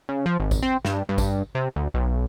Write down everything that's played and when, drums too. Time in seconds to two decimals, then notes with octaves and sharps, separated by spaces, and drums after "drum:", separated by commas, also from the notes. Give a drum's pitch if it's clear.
0.09 C#3
0.26 F3
0.40 G#1
0.51 drum: kick G#1, tambourine
0.62 C4
0.85 G2, drum: snare
1.09 G2
1.18 drum: kick G#1, tambourine
1.55 C3
1.76 D2
1.94 B1